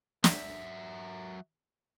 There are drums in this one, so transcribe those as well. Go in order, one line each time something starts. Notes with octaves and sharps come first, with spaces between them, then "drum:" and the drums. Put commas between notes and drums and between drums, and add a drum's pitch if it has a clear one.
F#3 E5, drum: snare